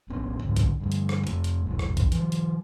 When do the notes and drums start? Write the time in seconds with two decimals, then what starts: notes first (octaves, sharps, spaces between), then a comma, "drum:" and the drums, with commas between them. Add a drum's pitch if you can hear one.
0.09 D1 A#1 B3 C#4
0.43 C#2 G#2 D3 C#4
0.56 drum: kick A#1, hi-hat
0.80 D2 G2
0.92 drum: hi-hat
1.09 drum: rim click
1.27 F2 A3, drum: hi-hat
1.44 drum: hi-hat
1.66 E1 A#1
1.79 drum: rim click
1.97 drum: kick A#1, hi-hat
2.12 E3 F#3, drum: hi-hat
2.32 drum: hi-hat